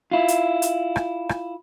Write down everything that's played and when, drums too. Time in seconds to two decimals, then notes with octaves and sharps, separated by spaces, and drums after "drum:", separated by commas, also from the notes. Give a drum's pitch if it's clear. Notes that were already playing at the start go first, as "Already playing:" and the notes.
0.11 E4 F4
0.28 drum: hi-hat
0.62 drum: hi-hat
0.96 drum: rim click
1.29 drum: rim click